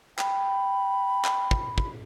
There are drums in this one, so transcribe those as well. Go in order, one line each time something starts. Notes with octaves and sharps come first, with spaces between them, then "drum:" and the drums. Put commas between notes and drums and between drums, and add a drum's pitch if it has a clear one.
G5 B5, drum: clap
drum: clap
drum: kick
drum: kick